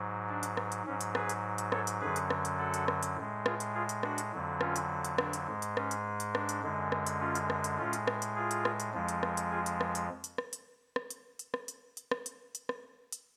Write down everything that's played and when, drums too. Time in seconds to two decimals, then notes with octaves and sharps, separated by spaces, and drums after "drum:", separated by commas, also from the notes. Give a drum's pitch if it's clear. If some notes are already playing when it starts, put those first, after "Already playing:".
Already playing: G#2 F#3
0.29 D4
0.43 drum: hi-hat
0.57 drum: rim click
0.72 drum: hi-hat
0.87 G#2 F#3 C#4
1.01 drum: hi-hat
1.15 G#4 B4, drum: rim click
1.29 drum: hi-hat
1.58 drum: hi-hat
1.72 A4 C#5, drum: rim click
1.87 drum: hi-hat
2.01 F#2 D3 F#3 G#4 B4
2.16 drum: hi-hat
2.30 drum: rim click
2.45 drum: hi-hat
2.59 F#4 A4
2.74 drum: hi-hat
2.88 drum: rim click
3.03 drum: hi-hat
3.16 A2 G#3
3.46 F4 G#4, drum: rim click
3.60 drum: hi-hat
3.75 F4 G#4
3.89 drum: hi-hat
4.03 D4 F#4, drum: rim click
4.18 drum: hi-hat
4.32 F2 D3 F#3
4.61 C#4 F4, drum: rim click
4.76 drum: hi-hat
5.05 drum: hi-hat
5.18 D4, drum: rim click
5.33 drum: hi-hat
5.48 G#2 G#3
5.62 drum: hi-hat
5.77 C#4, drum: rim click
5.91 drum: hi-hat
6.20 drum: hi-hat
6.35 D4, drum: rim click
6.49 drum: hi-hat
6.63 F#2 D3 G#3
6.92 drum: rim click
7.07 drum: hi-hat
7.20 C#4 F4
7.35 drum: hi-hat
7.50 drum: rim click
7.64 drum: hi-hat
7.78 A2 G#3 C#4 F4
7.93 drum: hi-hat
8.07 drum: rim click
8.22 drum: hi-hat
8.36 F4 G#4
8.51 drum: hi-hat
8.65 drum: rim click
8.80 drum: hi-hat
8.94 F2 F3 G#3
9.08 drum: hi-hat
9.23 drum: rim click
9.37 drum: hi-hat
9.51 F4 G#4
9.66 drum: hi-hat
9.81 drum: rim click
9.95 drum: hi-hat
10.24 drum: hi-hat
10.38 drum: rim click
10.53 drum: hi-hat
10.96 drum: rim click
11.10 drum: hi-hat
11.39 drum: hi-hat
11.54 drum: rim click
11.68 drum: hi-hat
11.97 drum: hi-hat
12.11 drum: rim click
12.26 drum: hi-hat
12.55 drum: hi-hat
12.69 drum: rim click
13.12 drum: hi-hat